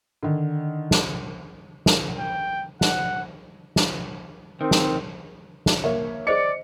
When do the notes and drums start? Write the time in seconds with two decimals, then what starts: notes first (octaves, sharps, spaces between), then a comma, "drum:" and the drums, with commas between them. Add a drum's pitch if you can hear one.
0.23 D3 D#3
0.91 drum: snare
1.86 drum: snare
2.19 G5
2.81 F#5, drum: snare
3.76 drum: snare
4.61 D#3 C4
4.71 drum: snare
5.66 drum: snare
5.84 A#3 C#5 E5
6.27 G#4 C5 D5 D#5 C#7